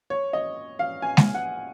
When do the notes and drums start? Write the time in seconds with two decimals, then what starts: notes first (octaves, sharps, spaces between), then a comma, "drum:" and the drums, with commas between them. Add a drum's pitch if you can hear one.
0.10 C#5
0.33 D#5
0.79 F5
1.02 G#5
1.17 drum: snare G#3
1.34 F#5